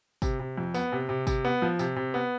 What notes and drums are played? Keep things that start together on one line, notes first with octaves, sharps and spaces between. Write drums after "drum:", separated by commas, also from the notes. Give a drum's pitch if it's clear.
C3, drum: kick, tambourine
C3
F2
B3, drum: tambourine
C3
C3
C3, drum: kick, tambourine
B3
F3
C3, drum: tambourine
C3
B3